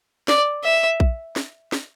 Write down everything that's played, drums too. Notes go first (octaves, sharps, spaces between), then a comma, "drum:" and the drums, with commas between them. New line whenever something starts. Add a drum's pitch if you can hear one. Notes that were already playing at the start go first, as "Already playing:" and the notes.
D5, drum: snare
E5
drum: kick A#1
drum: snare
drum: snare